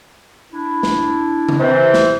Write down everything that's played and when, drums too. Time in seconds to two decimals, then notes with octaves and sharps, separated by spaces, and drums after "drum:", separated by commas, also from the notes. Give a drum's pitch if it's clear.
0.53 D4 E4
0.83 drum: snare
1.49 drum: tom C#3
1.60 C3 E3 C5
1.94 drum: snare